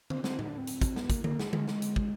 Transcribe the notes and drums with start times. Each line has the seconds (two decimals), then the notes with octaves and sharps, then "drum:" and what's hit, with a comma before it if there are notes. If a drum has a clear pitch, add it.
0.10 C4, drum: tom D3
0.24 C4, drum: snare
0.39 D#4, drum: tom A2
0.48 D4
0.58 C4
0.67 drum: hi-hat
0.81 drum: kick, hi-hat
0.96 B3, drum: snare
1.10 A#3, drum: kick, hi-hat
1.24 A#3, drum: tom D3
1.39 G#3, drum: snare
1.53 G#3, drum: tom D3
1.68 drum: snare
1.82 drum: hi-hat
1.96 drum: kick